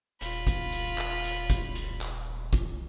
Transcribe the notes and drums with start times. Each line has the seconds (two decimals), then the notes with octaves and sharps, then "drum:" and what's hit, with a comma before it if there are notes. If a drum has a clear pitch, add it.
0.21 D#1 F4 B5, drum: hi-hat
0.47 drum: kick, hi-hat
0.72 drum: hi-hat
0.98 drum: clap
1.24 drum: hi-hat
1.50 drum: kick, hi-hat
1.75 drum: hi-hat
2.01 drum: clap
2.53 drum: kick, hi-hat